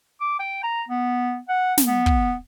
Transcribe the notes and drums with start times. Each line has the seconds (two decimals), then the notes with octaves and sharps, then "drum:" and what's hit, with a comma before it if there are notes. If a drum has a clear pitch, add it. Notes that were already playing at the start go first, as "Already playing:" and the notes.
0.21 D6
0.39 G5
0.63 A#5
0.89 B3
1.49 F#5
1.78 drum: snare
1.87 B3
2.06 drum: kick